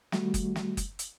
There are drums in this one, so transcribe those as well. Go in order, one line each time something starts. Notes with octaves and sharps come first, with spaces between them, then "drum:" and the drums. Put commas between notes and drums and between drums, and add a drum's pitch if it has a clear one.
D#3 G3 A3 F#4, drum: snare
drum: kick F#1, hi-hat
drum: snare
drum: kick F#1, hi-hat
drum: hi-hat